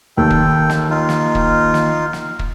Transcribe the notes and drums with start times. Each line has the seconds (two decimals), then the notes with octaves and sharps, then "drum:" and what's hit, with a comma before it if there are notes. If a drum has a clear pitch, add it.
0.17 D#2 A4 G5
0.30 drum: kick
0.70 drum: snare
0.90 D#4 F4
1.09 drum: snare
1.35 drum: kick
1.74 drum: snare
2.13 drum: snare
2.39 drum: kick